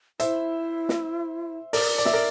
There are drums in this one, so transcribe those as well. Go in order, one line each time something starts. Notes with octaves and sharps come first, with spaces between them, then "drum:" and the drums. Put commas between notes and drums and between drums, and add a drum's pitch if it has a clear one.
E4 C5 E5, drum: hi-hat
drum: snare
A#4 D5, drum: open hi-hat
D5
E5, drum: snare
A#4 D5